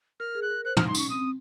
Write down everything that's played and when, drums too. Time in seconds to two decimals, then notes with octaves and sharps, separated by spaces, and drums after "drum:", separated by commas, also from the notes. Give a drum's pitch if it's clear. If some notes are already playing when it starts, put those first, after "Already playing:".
0.20 A#4 F6
0.35 G#4
0.42 F#6
0.50 A#4
0.65 C5 F#6
0.77 D#4 F6, drum: tom
0.87 C6
0.95 C#4, drum: tambourine
0.99 C#6
1.10 C4 D#6